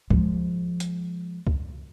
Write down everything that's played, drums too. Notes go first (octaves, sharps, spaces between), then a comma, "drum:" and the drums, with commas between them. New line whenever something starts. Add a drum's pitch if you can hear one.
F3 G#3, drum: kick
drum: hi-hat
drum: kick